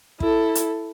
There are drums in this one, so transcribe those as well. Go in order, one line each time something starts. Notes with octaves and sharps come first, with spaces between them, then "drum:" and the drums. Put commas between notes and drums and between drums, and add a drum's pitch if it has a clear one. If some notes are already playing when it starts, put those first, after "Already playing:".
E4 A4, drum: kick
drum: hi-hat